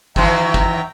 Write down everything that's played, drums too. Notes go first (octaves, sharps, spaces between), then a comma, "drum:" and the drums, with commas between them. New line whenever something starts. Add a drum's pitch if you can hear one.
D#3 E3 F#3 E5 G5 A#5, drum: kick
drum: kick